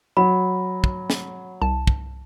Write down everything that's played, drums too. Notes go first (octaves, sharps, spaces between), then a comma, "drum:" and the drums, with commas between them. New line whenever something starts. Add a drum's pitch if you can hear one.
F#3 B5
drum: kick
drum: snare
C2 A5
drum: kick